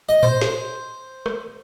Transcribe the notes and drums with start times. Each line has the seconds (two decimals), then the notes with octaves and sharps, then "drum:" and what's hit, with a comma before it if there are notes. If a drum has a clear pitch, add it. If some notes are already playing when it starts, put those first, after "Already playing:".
0.09 D#5
0.23 C5, drum: tom A2
0.41 drum: snare
1.26 drum: rim click